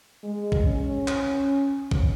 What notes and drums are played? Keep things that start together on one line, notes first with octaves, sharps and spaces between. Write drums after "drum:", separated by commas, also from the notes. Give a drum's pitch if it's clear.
G#3
drum: kick A#1
C#4
drum: clap
drum: kick A#1